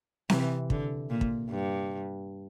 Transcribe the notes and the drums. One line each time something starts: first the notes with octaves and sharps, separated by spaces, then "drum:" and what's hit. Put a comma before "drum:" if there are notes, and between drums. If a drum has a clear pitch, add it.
C3 E3, drum: snare C4
D3, drum: kick
A#2
drum: kick
G2